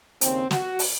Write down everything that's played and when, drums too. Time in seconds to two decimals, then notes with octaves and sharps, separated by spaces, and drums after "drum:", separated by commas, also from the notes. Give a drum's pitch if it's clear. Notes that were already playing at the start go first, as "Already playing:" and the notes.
0.21 D#2 C#3 C4, drum: hi-hat
0.51 F#4, drum: snare
0.79 drum: open hi-hat